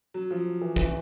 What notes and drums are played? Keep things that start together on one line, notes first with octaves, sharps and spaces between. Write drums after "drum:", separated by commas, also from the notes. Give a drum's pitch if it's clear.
F#3
F3
E3
E3, drum: kick